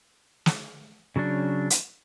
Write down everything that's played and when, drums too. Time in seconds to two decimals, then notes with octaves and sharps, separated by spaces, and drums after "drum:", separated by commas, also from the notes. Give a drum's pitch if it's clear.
0.46 drum: snare
1.16 C#3 F#3 C#4 D4
1.70 drum: hi-hat